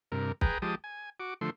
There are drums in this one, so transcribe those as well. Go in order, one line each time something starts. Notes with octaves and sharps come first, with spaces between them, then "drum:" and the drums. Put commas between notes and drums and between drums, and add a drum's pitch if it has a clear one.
G2 C3 A#4
G#4 B4 G5 A#5, drum: kick
F3 G#3 G4 A5 D#6
G#5
F#4 D6
D3 F3 A3 C6